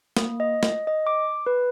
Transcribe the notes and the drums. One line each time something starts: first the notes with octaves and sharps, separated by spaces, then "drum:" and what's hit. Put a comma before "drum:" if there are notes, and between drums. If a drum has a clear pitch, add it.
A#3, drum: snare
D#5
drum: snare
D#5
D6
B4